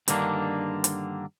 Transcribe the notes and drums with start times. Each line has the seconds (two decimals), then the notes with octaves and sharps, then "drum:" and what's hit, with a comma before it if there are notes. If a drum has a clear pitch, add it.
0.08 G2 D3 D#3 A#3 D4, drum: hi-hat
0.84 drum: hi-hat